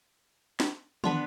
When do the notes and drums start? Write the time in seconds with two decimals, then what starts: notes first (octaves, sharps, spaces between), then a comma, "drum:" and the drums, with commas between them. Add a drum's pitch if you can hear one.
0.60 drum: snare
1.04 B3 D4 B4 F#5 C6, drum: tom